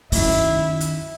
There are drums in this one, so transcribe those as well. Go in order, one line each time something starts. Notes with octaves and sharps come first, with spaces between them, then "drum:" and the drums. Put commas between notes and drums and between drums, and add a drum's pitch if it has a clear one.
F#2 D#3 E4, drum: open hi-hat
drum: hi-hat